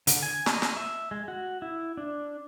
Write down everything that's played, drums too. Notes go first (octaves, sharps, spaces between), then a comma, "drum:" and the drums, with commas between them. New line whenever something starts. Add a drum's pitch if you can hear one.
D3, drum: hi-hat
G#5
D#5, drum: snare
drum: snare
E5
G#3
F#4
E4
D4